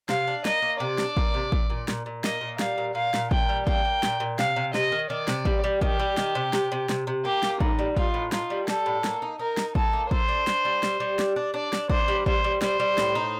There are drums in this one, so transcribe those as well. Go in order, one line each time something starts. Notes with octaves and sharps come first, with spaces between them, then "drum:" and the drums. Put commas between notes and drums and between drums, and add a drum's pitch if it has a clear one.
C3 F5, drum: snare
D4
A#3 D#5, drum: snare
A#3
C3 D5
D4, drum: snare
A#3, drum: kick A1
C3
A#2, drum: kick A1
A#2
A#2, drum: snare
A#2
A#3 D#5, drum: snare
A#2
G3 F5, drum: snare
A#2
A#2 F5
A#2, drum: snare
A#2 G5, drum: kick A1
G3
A#3 G5, drum: kick A1
A#3
A#2, drum: snare
A#2
C3 F5, drum: snare
C3
C3 D#5, drum: snare
D#3
D#3 D5
C3, drum: snare
G3, drum: kick A1
G3
D#3 G4, drum: kick A1
G3
D#3, drum: snare
C3
C3, drum: snare
C3
C3, drum: snare
C3
A#3 G4
A#3, drum: snare
A2 D#4, drum: kick A1
G3
D#4 F4, drum: kick A1
A2
D#4 F4, drum: snare
G3
G3 A4, drum: snare
A2
A#3, drum: snare
D#4
D#4 A#4
D#4, drum: snare
D#4 A4, drum: kick A1
A#3
A4 C5, drum: kick A1
D4
D4, drum: snare
G3
G3, drum: snare
G3
D4, drum: snare
D4
D4 D5
D4, drum: snare
D4 C5, drum: kick A1
G3
G3 C5, drum: kick A1
G3
G3 C5, drum: snare
G3
A2, drum: snare
D#4